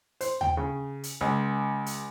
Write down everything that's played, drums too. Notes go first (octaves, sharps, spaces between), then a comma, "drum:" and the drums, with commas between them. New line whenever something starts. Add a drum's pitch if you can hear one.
C5, drum: hi-hat
G5, drum: tom D#2
C#3
drum: hi-hat
C#2
drum: hi-hat